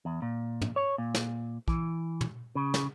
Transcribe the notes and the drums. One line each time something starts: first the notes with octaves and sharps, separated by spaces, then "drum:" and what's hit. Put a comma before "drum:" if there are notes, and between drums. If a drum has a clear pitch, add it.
E2
A#2
drum: tom
C#5
A#2
drum: snare
E3, drum: kick
drum: tom
C#3
drum: snare